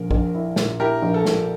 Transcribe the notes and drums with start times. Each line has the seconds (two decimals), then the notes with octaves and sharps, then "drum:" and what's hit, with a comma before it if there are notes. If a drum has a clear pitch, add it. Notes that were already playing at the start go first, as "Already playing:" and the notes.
Already playing: A#1 A#2 A#4
0.11 A#1, drum: kick
0.35 E4
0.56 A#2, drum: snare
0.80 E4 G4 A#4
1.02 A#1
1.14 A4
1.26 A#2, drum: snare